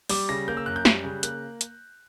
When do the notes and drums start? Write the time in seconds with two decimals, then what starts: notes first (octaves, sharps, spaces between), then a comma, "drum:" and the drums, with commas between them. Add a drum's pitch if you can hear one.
0.09 G3 D6, drum: open hi-hat
0.29 C#3 A#6
0.48 A#3 G6
0.57 E6
0.66 F#2 F#6
0.76 G6
0.85 G3, drum: snare
1.04 C#3
1.23 A#3 F#6, drum: hi-hat
1.61 drum: hi-hat